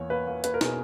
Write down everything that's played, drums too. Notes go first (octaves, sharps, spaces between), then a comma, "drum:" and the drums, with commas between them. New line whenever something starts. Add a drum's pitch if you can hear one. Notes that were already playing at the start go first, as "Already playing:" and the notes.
Already playing: E2 A#3 C#5
A#3 B4
A#3
A#3 B4, drum: hi-hat
A#4
B2 G#4, drum: snare